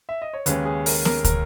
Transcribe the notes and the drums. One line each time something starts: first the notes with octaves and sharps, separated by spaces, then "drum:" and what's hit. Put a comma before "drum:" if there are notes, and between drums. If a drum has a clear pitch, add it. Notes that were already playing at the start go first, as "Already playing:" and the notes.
E5
D#5
C#5
D#2 C#3 G#3 C#4 B4, drum: hi-hat
G#4
A#4, drum: open hi-hat
A#4, drum: snare B3
A#4, drum: kick, hi-hat